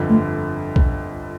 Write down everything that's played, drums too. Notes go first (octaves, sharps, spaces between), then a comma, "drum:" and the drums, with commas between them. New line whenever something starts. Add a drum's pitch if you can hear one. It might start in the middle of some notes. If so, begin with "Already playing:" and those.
Already playing: G1 F2 D3
A3
drum: kick